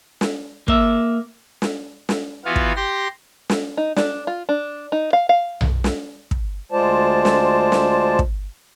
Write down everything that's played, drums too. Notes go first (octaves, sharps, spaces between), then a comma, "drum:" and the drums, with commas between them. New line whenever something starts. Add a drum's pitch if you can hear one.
drum: snare
A#3 E5, drum: kick
drum: snare
drum: snare
E3 B3 F4 F#4 F5
drum: kick
G4 C6 A#6
drum: snare
D#4
D4, drum: snare
F4
D4
D#4
F5
F5
drum: tom B1
drum: snare
drum: kick
D2 G#3 F4 C5 D5 A5
drum: snare
drum: snare
drum: kick